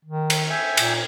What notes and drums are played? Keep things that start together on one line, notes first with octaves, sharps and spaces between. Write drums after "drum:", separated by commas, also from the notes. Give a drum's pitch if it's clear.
D#3
drum: cymbal
E5 G5 G#5
A#2, drum: cymbal